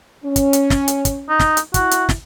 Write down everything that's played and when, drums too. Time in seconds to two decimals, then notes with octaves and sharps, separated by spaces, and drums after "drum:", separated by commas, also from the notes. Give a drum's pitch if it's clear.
0.25 C#4
0.36 drum: kick, hi-hat
0.53 drum: hi-hat
0.70 drum: snare
0.88 drum: hi-hat
1.05 drum: kick, hi-hat
1.29 D#4
1.40 drum: snare
1.57 drum: hi-hat
1.74 E4 F#4, drum: kick, hi-hat
1.91 drum: hi-hat
2.09 drum: snare